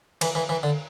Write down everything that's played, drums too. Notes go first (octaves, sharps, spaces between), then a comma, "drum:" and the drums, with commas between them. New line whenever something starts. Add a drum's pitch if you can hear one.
E3, drum: cymbal
E3
E3
D3